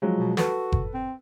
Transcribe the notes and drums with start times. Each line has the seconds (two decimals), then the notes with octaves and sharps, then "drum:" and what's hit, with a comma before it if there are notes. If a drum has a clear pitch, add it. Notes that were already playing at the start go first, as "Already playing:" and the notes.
0.02 F3 F#3 G#3
0.17 B2
0.37 F#4 A4 B4, drum: snare
0.72 drum: kick F#1
0.94 C4